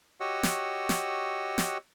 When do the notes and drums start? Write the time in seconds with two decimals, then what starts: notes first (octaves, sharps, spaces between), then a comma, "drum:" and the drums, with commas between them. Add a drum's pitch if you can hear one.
0.20 F#4 G4 C#5 D#5 F#5 E6
0.43 drum: snare
0.89 drum: snare
1.58 drum: snare